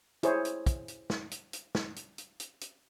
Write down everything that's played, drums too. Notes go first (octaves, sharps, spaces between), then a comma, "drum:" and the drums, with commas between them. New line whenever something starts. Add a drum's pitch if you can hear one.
E4 G#4 C5 C#5, drum: hi-hat
drum: hi-hat
drum: kick, hi-hat
drum: hi-hat
drum: snare
drum: hi-hat
drum: hi-hat
drum: snare
drum: hi-hat
drum: hi-hat
drum: hi-hat
drum: hi-hat